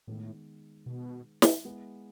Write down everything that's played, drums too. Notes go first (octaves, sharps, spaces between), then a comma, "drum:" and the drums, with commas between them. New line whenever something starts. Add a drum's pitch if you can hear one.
A2 D#3 G#3 B3
B2
drum: snare
G#3 B3 E4